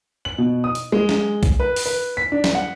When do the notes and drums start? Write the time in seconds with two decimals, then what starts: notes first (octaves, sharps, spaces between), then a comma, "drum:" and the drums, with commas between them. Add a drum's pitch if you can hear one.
0.25 F#7
0.38 B2
0.64 D#6
0.75 drum: hi-hat
0.92 G#3
1.09 drum: snare
1.43 drum: kick C2, hi-hat
1.60 B4
1.76 drum: open hi-hat
1.86 B4
2.17 B6
2.32 D4
2.44 drum: snare
2.55 F#5